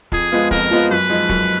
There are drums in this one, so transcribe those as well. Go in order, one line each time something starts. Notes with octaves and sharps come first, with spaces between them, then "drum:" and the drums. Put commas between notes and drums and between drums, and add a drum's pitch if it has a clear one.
F2 G#4, drum: kick
F3 G#3 B3 F4
F2 A#4, drum: kick
F3 G#3 B3 F4
F#2 B4
F3 G#3 D#4
F#2, drum: kick